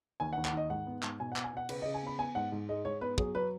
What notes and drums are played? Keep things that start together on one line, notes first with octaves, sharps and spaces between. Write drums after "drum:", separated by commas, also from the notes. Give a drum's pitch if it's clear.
D#2 G#5
F#5
D#2
F#5, drum: clap
D#3 D#5
G#2 F#5
B3
G#2, drum: clap
B2 G#5
F#5
B3, drum: clap
G#5
B2 F#5
C#3 B4, drum: cymbal
C#3 D#5
G#5
B3 B5
B3 G#5
G#2 F#5
G#2
G#3 D#5
G#2 C#5
B3 B4
F#3 G#4, drum: kick
F#3 B4